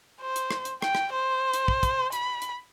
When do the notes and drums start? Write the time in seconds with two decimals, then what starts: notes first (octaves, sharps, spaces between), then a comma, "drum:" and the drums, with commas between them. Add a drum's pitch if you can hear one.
0.21 C5
0.36 drum: hi-hat
0.51 drum: rim click
0.65 drum: hi-hat
0.82 G5, drum: rim click
0.95 drum: rim click
1.13 C5
1.54 drum: hi-hat
1.68 drum: kick
1.83 drum: kick, hi-hat
2.12 B5, drum: hi-hat
2.42 drum: hi-hat